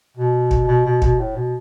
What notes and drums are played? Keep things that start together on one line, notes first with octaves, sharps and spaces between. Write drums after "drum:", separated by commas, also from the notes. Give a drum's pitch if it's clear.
B2
drum: kick
B2
B2
B2, drum: kick
A2
B2